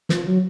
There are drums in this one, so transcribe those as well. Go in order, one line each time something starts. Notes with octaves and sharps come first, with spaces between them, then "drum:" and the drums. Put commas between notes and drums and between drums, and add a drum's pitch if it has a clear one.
F3, drum: snare
F#3